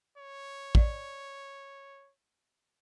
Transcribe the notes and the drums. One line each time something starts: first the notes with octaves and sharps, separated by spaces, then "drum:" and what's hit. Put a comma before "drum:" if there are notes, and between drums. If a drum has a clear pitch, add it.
C#5
D5, drum: kick